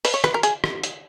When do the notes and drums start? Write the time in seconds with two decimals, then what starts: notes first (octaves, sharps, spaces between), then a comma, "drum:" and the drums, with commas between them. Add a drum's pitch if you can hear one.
0.05 B4, drum: open hi-hat
0.14 C#5
0.24 B4, drum: rim click
0.34 A#4
0.43 G#4, drum: hi-hat
0.64 drum: rim click
0.84 drum: hi-hat